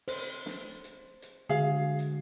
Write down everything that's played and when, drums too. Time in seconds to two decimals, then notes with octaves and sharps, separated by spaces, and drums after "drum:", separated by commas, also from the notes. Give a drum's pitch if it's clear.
0.08 C5, drum: open hi-hat
0.46 drum: snare
0.84 drum: hi-hat
1.22 drum: hi-hat
1.49 D3 G#3 F#4 G#4 F5
1.99 drum: hi-hat